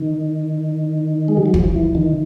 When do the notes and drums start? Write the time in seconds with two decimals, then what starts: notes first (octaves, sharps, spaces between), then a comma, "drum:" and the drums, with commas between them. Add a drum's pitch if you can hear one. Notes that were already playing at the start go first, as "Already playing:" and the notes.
Already playing: D#3
1.28 G#3
1.37 G3
1.46 F#3
1.54 F3, drum: kick
1.75 E3
1.95 D#3